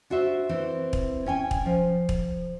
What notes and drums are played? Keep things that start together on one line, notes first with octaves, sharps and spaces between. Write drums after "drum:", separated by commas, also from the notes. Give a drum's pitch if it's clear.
D4 F#4 C5 E5
E3 C4
drum: kick
C#4 G5 G#5
drum: kick
F3
drum: kick